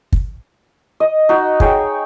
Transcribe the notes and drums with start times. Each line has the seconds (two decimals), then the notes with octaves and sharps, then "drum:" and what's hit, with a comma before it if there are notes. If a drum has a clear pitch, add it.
0.13 drum: kick
1.00 D#5
1.29 D#4 F#4
1.60 G#4 C#5 G5, drum: kick